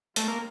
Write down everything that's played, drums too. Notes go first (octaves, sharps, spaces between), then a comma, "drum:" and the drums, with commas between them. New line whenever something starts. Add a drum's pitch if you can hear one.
F#2 D3 G3 A3 C4 F4, drum: hi-hat
A#3